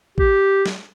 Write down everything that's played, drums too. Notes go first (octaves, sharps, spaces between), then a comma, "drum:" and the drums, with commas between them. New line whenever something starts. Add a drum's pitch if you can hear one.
G4, drum: kick A1
drum: snare